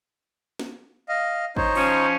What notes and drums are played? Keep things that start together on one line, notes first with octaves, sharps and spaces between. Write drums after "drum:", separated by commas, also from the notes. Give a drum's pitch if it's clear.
drum: snare
D#5 F5
D#4 C5 C#5, drum: kick G#1
F3 C#4, drum: open hi-hat